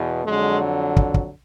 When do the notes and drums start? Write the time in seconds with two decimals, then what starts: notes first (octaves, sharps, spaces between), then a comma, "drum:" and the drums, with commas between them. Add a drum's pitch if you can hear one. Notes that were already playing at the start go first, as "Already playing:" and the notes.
Already playing: E2 B2
0.25 F2 D3 F#3 G#3
0.97 drum: kick
1.14 drum: kick